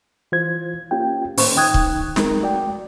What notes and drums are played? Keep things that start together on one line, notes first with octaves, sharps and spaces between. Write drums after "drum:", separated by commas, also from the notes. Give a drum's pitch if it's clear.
E3 F4 C5 G#6
A#3 C#4 F4 G4 G5
A2 D#3 A#3 C#4 C5 C#6, drum: open hi-hat
D#3 D#4 G5 D#6 F#6 G#6
drum: kick C#1
G#3 C4 D#4 A#4, drum: snare
A3 F#4 D5 G5